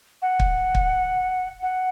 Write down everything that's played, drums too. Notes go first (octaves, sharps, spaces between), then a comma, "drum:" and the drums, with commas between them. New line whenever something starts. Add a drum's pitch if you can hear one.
F#5
drum: kick
drum: kick
F#5